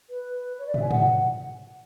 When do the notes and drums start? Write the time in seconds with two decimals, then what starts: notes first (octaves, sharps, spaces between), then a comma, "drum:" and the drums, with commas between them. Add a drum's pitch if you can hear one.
0.09 B4
0.59 C#5
0.67 D5
0.74 E5, drum: tom
0.82 G#5
0.91 F#5, drum: tom